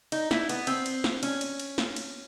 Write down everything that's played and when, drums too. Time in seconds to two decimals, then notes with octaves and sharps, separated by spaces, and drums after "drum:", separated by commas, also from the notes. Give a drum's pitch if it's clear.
0.12 D#4, drum: cymbal
0.31 E4, drum: snare
0.49 B3, drum: cymbal
0.67 C4, drum: cymbal
0.86 drum: cymbal
1.04 drum: snare
1.23 C#4, drum: cymbal
1.41 drum: cymbal
1.60 drum: cymbal
1.78 drum: snare
1.96 drum: cymbal